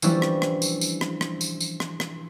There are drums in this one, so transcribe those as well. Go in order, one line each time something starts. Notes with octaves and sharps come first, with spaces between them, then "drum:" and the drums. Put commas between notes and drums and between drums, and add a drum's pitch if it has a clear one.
E3 F3 G3 C#4 D4 E4, drum: tambourine
drum: rim click
drum: rim click
drum: tambourine
drum: tambourine
drum: rim click
drum: rim click
drum: tambourine
drum: tambourine
drum: rim click
drum: rim click